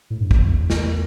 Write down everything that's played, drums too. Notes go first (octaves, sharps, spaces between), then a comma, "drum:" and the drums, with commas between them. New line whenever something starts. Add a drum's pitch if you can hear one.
A2
G2
F2, drum: kick
E2
drum: snare